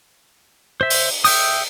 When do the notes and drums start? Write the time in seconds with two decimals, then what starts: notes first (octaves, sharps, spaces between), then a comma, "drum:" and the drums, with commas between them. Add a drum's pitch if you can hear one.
0.81 C5 E5
0.90 drum: open hi-hat
1.24 E5 G5 D#6, drum: open hi-hat